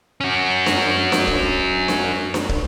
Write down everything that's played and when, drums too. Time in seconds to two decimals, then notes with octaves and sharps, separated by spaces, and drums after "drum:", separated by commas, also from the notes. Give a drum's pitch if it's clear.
0.21 C#4 F#4
0.66 drum: snare D4
1.12 drum: snare D4
1.27 drum: kick
1.88 drum: snare D4
2.34 drum: snare D4
2.49 drum: kick